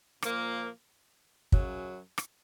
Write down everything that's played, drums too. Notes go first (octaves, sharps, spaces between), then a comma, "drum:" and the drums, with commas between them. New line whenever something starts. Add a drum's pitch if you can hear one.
A#2 F3 A#3, drum: rim click
F#2 C#3 F#3, drum: kick
drum: rim click